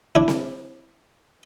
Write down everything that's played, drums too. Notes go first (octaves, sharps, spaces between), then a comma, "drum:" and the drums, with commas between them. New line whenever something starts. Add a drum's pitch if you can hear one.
D4 E4
drum: snare C4